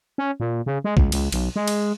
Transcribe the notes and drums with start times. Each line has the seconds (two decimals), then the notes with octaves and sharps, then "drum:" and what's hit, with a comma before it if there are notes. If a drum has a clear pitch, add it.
0.18 C#4
0.40 A#2
0.66 C#3
0.84 G#3
0.97 C#2, drum: kick
1.12 C#2, drum: cymbal
1.32 B1, drum: cymbal
1.56 G#3
1.68 drum: cymbal